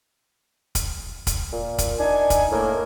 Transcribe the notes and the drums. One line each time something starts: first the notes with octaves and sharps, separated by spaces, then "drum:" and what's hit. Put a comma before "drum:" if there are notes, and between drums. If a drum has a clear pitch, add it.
drum: kick, hi-hat
drum: kick, hi-hat
A#2
drum: kick, hi-hat
D4 D#4 G#5
drum: kick, hi-hat
A2 A#3